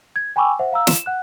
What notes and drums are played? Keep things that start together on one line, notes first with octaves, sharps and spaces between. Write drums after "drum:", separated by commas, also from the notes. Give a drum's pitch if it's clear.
G#6
G5 G#5 B5 C#6 D6 E6
C5 E5 F#5
F5 A#5 E6
E7, drum: snare
F#5 F#6